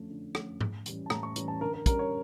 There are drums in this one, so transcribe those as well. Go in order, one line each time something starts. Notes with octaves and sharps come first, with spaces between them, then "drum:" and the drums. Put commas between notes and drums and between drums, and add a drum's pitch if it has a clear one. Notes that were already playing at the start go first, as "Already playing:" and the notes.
Already playing: D3 F3 A3 C#4
D3
F3 A3 C#4, drum: rim click
A2, drum: tom G#2
E3 G3 C#4, drum: hi-hat
A5
A2 A#5, drum: rim click
C#6
E3 G3 C#4, drum: hi-hat
A5
D3 A#4
A#4
G3 C#4 A#4, drum: kick, hi-hat
C#5